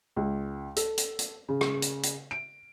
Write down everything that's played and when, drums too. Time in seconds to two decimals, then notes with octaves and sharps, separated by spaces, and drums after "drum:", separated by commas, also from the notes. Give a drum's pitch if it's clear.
0.16 C#2
0.76 A4, drum: hi-hat
0.98 drum: hi-hat
1.19 drum: hi-hat
1.49 C#3
1.61 drum: rim click
1.82 drum: hi-hat
2.03 drum: hi-hat
2.31 D7